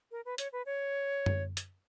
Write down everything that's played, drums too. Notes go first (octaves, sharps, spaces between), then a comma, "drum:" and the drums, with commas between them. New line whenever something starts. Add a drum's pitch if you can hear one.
A#4
B4
C#5, drum: hi-hat
B4
C#5
drum: tom F#2
drum: hi-hat